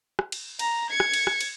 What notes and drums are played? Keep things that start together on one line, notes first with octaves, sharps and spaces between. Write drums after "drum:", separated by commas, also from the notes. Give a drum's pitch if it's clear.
drum: rim click
drum: cymbal
A#5, drum: cymbal
G#6 C#7
drum: rim click
drum: cymbal
drum: rim click
drum: cymbal